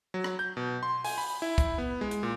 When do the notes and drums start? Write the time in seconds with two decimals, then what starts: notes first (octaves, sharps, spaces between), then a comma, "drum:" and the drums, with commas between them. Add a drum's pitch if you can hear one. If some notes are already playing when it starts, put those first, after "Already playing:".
0.14 F#3
0.24 drum: rim click
0.39 G6
0.57 B2
0.83 C6
1.05 G#5, drum: open hi-hat
1.18 B5
1.42 E4
1.58 drum: kick, hi-hat
1.78 B3
2.01 G#3
2.11 drum: hi-hat
2.23 A#2